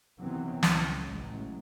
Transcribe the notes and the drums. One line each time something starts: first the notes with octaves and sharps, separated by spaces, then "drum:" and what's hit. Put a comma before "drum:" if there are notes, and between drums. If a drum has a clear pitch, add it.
C3 D#3 E3 F#3 B3 C4
C#2 C#3 E3, drum: snare
A1 F#3 G#3